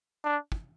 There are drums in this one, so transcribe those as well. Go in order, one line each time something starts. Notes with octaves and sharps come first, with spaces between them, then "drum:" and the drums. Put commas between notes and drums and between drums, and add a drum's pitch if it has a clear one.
D4
drum: kick